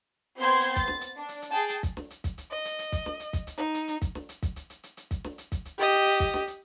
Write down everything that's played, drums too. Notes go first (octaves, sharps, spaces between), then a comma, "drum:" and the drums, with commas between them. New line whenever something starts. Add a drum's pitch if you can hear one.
B3 C4 C5 C6 G6 G#6
drum: hi-hat
A6, drum: kick, hi-hat
drum: snare
drum: hi-hat
D4
drum: hi-hat
drum: hi-hat
G#4 G5 A5
drum: hi-hat
drum: kick, hi-hat
drum: snare
drum: hi-hat
drum: kick, hi-hat
drum: hi-hat
D#5
drum: hi-hat
drum: hi-hat
drum: kick, hi-hat
drum: snare
drum: hi-hat
drum: kick, hi-hat
drum: hi-hat
D#4
drum: hi-hat
drum: hi-hat
drum: kick, hi-hat
drum: snare
drum: hi-hat
drum: kick, hi-hat
drum: hi-hat
drum: hi-hat
drum: hi-hat
drum: hi-hat
drum: kick, hi-hat
drum: snare
drum: hi-hat
drum: kick, hi-hat
drum: hi-hat
G4 D#5, drum: hi-hat
drum: hi-hat
drum: hi-hat
drum: kick, hi-hat
drum: snare
drum: hi-hat